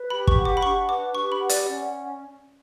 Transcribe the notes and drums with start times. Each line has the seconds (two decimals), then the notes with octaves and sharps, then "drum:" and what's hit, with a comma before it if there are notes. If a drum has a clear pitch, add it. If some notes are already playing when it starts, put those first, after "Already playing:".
Already playing: B4
0.10 G4 B5
0.27 C#6, drum: kick
0.36 F#5
0.45 D6
0.57 B5
0.63 D4 C#6
0.88 B4 D6
1.14 G4 C#6
1.32 B5
1.40 F#5
1.49 D5, drum: hi-hat
1.66 C#4 D5